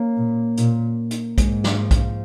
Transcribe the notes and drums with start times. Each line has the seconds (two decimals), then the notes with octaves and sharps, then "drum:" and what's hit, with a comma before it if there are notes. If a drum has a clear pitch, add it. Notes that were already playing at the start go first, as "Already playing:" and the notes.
Already playing: A#3 C#4
0.17 A#2
0.57 A#2, drum: hi-hat
1.11 drum: hi-hat
1.38 G#2 G#3, drum: kick, hi-hat
1.64 drum: snare
1.77 F3
1.91 drum: kick, hi-hat